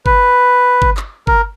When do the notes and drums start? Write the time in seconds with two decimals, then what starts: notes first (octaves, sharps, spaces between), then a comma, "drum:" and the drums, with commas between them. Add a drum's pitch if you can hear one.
0.06 B4, drum: kick G1
0.82 drum: kick G1
0.97 drum: clap D6
1.27 A#4, drum: kick G1